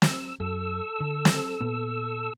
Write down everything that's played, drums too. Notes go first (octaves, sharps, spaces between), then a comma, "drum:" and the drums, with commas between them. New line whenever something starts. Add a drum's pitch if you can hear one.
E6, drum: snare
F#2 A4 E6
D3
drum: snare
A#2 B3